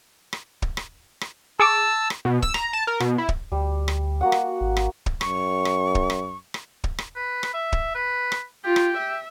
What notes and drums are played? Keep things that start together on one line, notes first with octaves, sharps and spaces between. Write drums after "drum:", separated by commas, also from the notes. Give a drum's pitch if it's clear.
drum: rim click
drum: kick
drum: rim click
drum: rim click
G#4 A5 C#6 D6 E6
drum: rim click
B2
E6, drum: kick
A#5, drum: rim click
A5
A#4
B2, drum: rim click
E4
drum: kick
D2 G3
drum: rim click
A#3 F#4 F#5
drum: rim click
G#1
drum: rim click
drum: kick
F#2 C#6, drum: rim click
drum: rim click
drum: kick
drum: rim click
drum: rim click
drum: kick
drum: rim click
B4
drum: rim click
E5
drum: kick
B4
drum: rim click
F4 G4
drum: rim click
E5